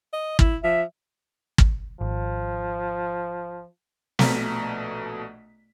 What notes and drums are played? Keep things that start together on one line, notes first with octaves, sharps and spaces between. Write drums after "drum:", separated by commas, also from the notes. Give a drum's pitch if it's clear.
D#5
E4, drum: kick
F3 E5
drum: kick
G#1 F3
A#1 B2 A3 D5 A#5 B6, drum: snare